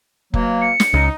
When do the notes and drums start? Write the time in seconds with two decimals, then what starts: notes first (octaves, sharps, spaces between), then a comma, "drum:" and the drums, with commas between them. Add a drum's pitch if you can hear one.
0.34 B2 F#3 A#3, drum: kick F1
0.61 C#7
0.80 drum: snare
0.94 C#2 D#4